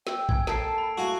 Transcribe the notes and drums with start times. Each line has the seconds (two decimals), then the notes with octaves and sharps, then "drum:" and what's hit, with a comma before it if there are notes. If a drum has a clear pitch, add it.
0.07 G5 E6, drum: snare
0.29 G#5 G#6, drum: kick
0.47 A#3 A4 G5 A5 C7 D7, drum: snare
0.78 B5
0.98 E4 F#4 F5 G#5